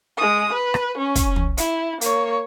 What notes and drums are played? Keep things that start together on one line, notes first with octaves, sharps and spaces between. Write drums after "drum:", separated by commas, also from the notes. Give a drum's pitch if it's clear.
G#3 D#6
B4
drum: rim click
C#4
drum: kick, hi-hat
drum: tom
E4, drum: hi-hat
A#3 C#5, drum: hi-hat